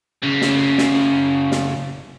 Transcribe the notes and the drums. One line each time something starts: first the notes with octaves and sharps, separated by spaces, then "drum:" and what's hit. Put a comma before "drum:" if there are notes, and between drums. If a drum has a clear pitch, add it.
F#2 C#3
drum: snare
drum: snare
drum: snare